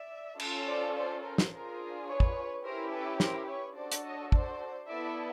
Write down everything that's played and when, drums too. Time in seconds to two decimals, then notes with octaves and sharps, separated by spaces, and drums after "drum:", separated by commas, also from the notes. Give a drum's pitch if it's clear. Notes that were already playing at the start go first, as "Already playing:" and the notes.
Already playing: D5 E5
0.40 C#4 F4 A4, drum: cymbal
0.67 C5 D5
0.95 C5 D5
1.23 A#4 C5
1.38 drum: snare
1.51 D4 F4 G#4 A#4 C5
2.07 B4 C#5
2.20 drum: kick
2.64 C#4 E4 G4 A#4 C5
2.92 A4 B4
3.20 A#4 C5, drum: snare
3.48 B4 C#5
3.76 D4 F#4 A4 C5 D5
3.92 drum: hi-hat
4.04 C#5 D#5
4.32 C5 D5, drum: kick
4.88 B3 E4 A4 D5 E5